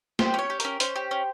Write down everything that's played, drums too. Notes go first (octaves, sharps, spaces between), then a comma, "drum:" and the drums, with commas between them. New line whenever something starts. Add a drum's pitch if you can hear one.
G4 C5, drum: snare
C#4 C#5
G4
C#4 A#4, drum: hi-hat
C#4 C5, drum: hi-hat
G4
C#4